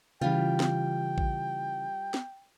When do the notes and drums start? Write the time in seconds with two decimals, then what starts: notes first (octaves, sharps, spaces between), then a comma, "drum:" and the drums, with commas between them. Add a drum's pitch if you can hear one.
0.21 C#3 E3 G3 F4 G5
0.60 drum: snare
1.18 drum: kick
2.14 drum: snare